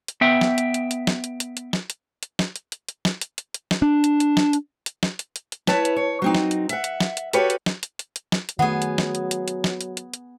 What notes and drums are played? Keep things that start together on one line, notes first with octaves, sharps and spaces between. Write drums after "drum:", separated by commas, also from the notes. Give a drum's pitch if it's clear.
drum: hi-hat
B3 E5 G5
drum: snare
drum: hi-hat
drum: hi-hat
drum: hi-hat
drum: snare
drum: hi-hat
drum: hi-hat
drum: hi-hat
drum: snare
drum: hi-hat
drum: hi-hat
drum: snare
drum: hi-hat
drum: hi-hat
drum: hi-hat
drum: snare
drum: hi-hat
drum: hi-hat
drum: hi-hat
drum: snare
D4
drum: hi-hat
drum: hi-hat
drum: snare
drum: hi-hat
drum: hi-hat
drum: snare
drum: hi-hat
drum: hi-hat
drum: hi-hat
E4 B4 C#5 A5, drum: snare
drum: hi-hat
C#5
F#3 C4 D#4
drum: snare
drum: hi-hat
E5 F#5, drum: hi-hat
drum: hi-hat
drum: snare
drum: hi-hat
F#4 G4 A4 B4 C#5 F5, drum: hi-hat
drum: hi-hat
drum: snare
drum: hi-hat
drum: hi-hat
drum: hi-hat
drum: snare
drum: hi-hat
D#3 F#3 A3 B3 G#4 F#5
drum: hi-hat
drum: snare
drum: hi-hat
drum: hi-hat
drum: hi-hat
drum: snare
drum: hi-hat
drum: hi-hat
drum: hi-hat